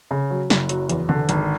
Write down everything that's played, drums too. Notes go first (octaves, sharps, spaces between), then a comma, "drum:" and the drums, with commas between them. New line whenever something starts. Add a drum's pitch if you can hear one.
C#3
F#3
F#1, drum: snare
F#3, drum: hi-hat
E2, drum: hi-hat
D3, drum: tom
G#1, drum: hi-hat